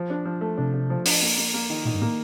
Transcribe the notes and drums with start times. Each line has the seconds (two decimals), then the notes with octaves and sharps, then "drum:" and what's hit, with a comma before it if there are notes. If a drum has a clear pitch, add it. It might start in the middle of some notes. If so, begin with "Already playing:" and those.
Already playing: F3
0.10 D4
0.25 F3
0.41 A3
0.57 C3 D4
0.74 D4
0.90 F3
1.05 D4, drum: open hi-hat
1.22 A#3
1.38 A#3
1.54 A#3
1.70 D#3
1.85 A#2 D#3
1.94 G2
2.01 A2 A#3